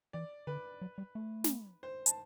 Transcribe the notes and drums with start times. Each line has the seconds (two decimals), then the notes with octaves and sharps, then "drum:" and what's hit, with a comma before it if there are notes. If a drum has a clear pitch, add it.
0.13 E3 D5
0.47 D3 B4
0.81 F#3
0.98 G3
1.15 A3
1.44 drum: snare
1.83 C5
2.06 A5, drum: hi-hat